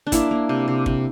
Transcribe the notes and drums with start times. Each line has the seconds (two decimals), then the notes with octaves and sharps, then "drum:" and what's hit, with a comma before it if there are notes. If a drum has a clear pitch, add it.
0.07 D4
0.12 A#3 E4, drum: kick, hi-hat
0.31 A#3
0.49 C3
0.68 C3
0.86 C3, drum: kick